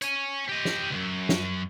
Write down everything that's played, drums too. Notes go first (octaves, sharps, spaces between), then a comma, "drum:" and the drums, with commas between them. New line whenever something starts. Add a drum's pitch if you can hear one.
C#5 G#5, drum: hi-hat
G4 D#5
drum: snare
C#2 F#2
drum: snare